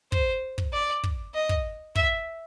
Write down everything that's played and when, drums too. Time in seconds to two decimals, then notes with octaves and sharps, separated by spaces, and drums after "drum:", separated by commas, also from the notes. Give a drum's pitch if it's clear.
0.12 C5, drum: kick
0.58 drum: kick
0.73 D5
1.04 drum: kick
1.34 D#5
1.49 drum: kick
1.95 E5, drum: kick